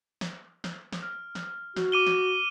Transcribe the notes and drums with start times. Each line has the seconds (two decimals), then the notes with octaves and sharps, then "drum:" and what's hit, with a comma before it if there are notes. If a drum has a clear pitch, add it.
0.21 drum: snare
0.64 drum: snare
0.92 drum: snare
1.03 F6
1.35 drum: snare
1.76 F#4, drum: snare
1.92 D6 D#7 G7
2.07 drum: snare